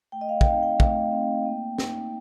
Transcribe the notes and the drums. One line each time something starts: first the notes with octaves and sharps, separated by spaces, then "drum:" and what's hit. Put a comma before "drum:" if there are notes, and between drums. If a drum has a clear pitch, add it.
A3 G5
D#5
F5
G5, drum: kick
C4 D#4 F5
G5
A3, drum: kick
C4
D#4
A#3
D#4, drum: snare